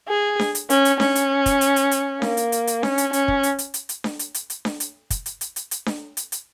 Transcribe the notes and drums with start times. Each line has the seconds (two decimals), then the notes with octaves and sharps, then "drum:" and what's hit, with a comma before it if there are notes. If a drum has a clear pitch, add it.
0.09 G#4
0.39 drum: snare D4
0.55 drum: hi-hat
0.70 C#4, drum: hi-hat
0.85 drum: hi-hat
1.00 C#4, drum: snare D4
1.15 drum: hi-hat
1.46 drum: kick, hi-hat
1.61 drum: hi-hat
1.76 drum: hi-hat
1.91 drum: hi-hat
2.22 A#3, drum: snare D4
2.37 drum: hi-hat
2.52 drum: hi-hat
2.67 drum: hi-hat
2.83 C#4, drum: snare D4
2.98 drum: hi-hat
3.13 C#4, drum: hi-hat
3.28 drum: kick
3.43 drum: hi-hat
3.59 drum: hi-hat
3.74 drum: hi-hat
3.89 drum: hi-hat
4.04 drum: snare D4
4.19 drum: hi-hat
4.34 drum: hi-hat
4.50 drum: hi-hat
4.65 drum: snare D4
4.80 drum: hi-hat
5.10 drum: kick, hi-hat
5.26 drum: hi-hat
5.41 drum: hi-hat
5.56 drum: hi-hat
5.71 drum: hi-hat
5.86 drum: snare D4
6.17 drum: hi-hat
6.32 drum: hi-hat